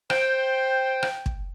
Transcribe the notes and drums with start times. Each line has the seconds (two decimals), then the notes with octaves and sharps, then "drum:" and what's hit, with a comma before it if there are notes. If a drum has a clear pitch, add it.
0.10 C5 G5, drum: rim click
1.03 drum: rim click
1.26 drum: kick